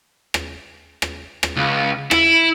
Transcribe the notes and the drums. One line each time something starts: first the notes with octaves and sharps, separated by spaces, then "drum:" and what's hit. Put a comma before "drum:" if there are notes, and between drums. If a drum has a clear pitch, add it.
drum: rim click
drum: rim click
drum: rim click
C#2
E4, drum: rim click